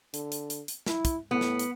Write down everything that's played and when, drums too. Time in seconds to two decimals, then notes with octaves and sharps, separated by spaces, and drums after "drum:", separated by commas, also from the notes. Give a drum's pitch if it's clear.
0.14 D3, drum: hi-hat
0.32 drum: hi-hat
0.50 drum: hi-hat
0.68 drum: hi-hat
0.86 E4, drum: snare
1.05 drum: kick, hi-hat
1.31 A2 B3
1.41 drum: snare
1.59 drum: hi-hat